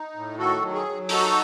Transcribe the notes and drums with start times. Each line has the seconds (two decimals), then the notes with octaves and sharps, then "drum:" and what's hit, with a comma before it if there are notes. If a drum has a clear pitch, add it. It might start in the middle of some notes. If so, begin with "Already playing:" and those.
Already playing: D#4
0.16 A2
0.38 D#3 F#4 A4
0.62 F#3
0.74 G#4
0.86 F#3
1.09 D#4 F#4 A4, drum: open hi-hat